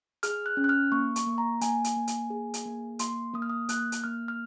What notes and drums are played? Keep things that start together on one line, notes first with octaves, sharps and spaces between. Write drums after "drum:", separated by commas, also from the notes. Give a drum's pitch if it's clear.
G#4 F6, drum: hi-hat
F#6
C#4
F#6
F6
A#3 C#6
C#6, drum: hi-hat
A#3
A#5
A#3 G#5, drum: hi-hat
drum: hi-hat
A#3
drum: hi-hat
G#4
drum: hi-hat
A#3
A#3 C6, drum: hi-hat
A#3 D#6
F6
D#6
A#3 F#6, drum: hi-hat
drum: hi-hat
A#3 F6
F6